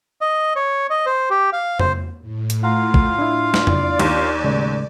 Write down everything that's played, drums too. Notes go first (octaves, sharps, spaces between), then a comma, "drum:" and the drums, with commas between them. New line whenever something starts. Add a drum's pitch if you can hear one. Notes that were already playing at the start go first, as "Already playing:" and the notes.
D#5
C#5
D#5
C5
G4
F5
C5, drum: tom F2
A2
drum: hi-hat
F4 F5 F#5 A#5
drum: kick
D4 E4
D5, drum: snare
drum: tom F2
D#2, drum: cymbal
A2 C#3 G#3